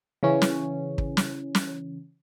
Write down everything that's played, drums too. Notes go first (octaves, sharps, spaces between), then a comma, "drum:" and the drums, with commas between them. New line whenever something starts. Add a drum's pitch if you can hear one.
C#3 E3 C#4
drum: snare
drum: kick
drum: snare
drum: snare